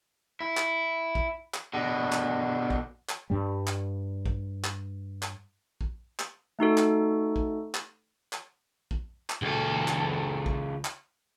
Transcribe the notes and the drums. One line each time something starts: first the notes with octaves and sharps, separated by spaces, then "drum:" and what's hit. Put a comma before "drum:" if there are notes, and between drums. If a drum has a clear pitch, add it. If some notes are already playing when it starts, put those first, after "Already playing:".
E4
drum: clap
drum: kick
drum: clap
B2 D3
drum: clap
drum: kick
drum: clap
G2 G3
drum: clap
drum: kick
drum: clap
drum: clap
drum: kick
drum: clap
A3 D#4 F#4 A4
drum: clap
drum: kick
drum: clap
drum: clap
drum: kick
drum: clap
C#2 A4
drum: clap
drum: kick
drum: clap